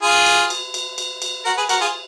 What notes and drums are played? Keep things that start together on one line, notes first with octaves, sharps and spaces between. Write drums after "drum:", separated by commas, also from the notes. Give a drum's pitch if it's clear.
F4 G#4
drum: cymbal
drum: cymbal
drum: cymbal
drum: cymbal
drum: cymbal
F#4 A#4
G#4 B4
F#4 A#4, drum: cymbal
F4 G#4